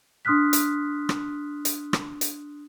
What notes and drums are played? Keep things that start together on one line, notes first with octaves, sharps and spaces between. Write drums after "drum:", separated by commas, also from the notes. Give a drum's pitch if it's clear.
D4 C6 D#6 F6 F#6 B6
drum: hi-hat
drum: rim click
drum: hi-hat
drum: rim click
drum: hi-hat